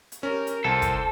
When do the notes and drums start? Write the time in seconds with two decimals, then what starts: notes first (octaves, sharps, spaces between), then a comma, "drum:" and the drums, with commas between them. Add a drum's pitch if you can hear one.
0.12 drum: hi-hat
0.23 C#4 G4 A#4
0.47 drum: hi-hat
0.64 C2 A4 C5 E6
0.82 drum: kick, hi-hat